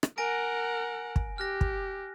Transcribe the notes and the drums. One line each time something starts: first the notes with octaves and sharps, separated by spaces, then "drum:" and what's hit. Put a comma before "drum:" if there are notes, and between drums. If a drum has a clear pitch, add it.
drum: rim click
A#4 F#5 G#5 A#6 D7
drum: kick
G4 F6 F#6 A#6
drum: kick